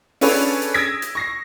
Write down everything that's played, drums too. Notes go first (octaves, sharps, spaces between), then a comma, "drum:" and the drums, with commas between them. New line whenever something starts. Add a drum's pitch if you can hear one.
C#4 D4 G#4 A4 B4 C#5, drum: open hi-hat
drum: hi-hat
D#6 E6 G#6 A#6 B6 D7
drum: hi-hat
C#6 A#6 C7